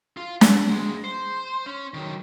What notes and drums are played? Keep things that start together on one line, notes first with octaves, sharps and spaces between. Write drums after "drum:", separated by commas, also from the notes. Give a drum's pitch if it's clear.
F4
F#5, drum: snare
D2 G#3
C5
C#4
D#3 F#3